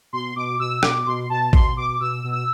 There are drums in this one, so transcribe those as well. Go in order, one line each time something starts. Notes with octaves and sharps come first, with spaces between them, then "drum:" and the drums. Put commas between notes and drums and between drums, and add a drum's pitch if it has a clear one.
B2 C6
B2 D6
B2 E6
B2 D6, drum: rim click
D6
B2 C6
B2 A5
B2 C6, drum: kick A1
B2 D6
B2 E6
B2
E6